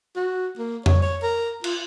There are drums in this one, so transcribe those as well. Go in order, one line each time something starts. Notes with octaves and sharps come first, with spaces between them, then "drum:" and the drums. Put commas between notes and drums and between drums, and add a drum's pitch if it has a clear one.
F#4
A#3
C#5, drum: tom F2
C#5
A#4
F4, drum: cymbal